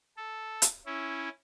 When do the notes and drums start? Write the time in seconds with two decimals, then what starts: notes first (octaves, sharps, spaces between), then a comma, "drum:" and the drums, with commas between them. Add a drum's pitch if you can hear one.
0.17 A4
0.62 drum: hi-hat
0.86 C#4 E4